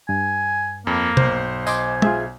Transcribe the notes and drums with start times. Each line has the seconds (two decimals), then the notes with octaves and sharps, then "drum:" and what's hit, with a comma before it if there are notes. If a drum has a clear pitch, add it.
0.09 G2 G#5
0.87 F2 A#3
1.17 B1 C5, drum: tom
1.67 D#5 G#5 C6 D6, drum: tambourine
2.02 F4 G#4 E5, drum: tom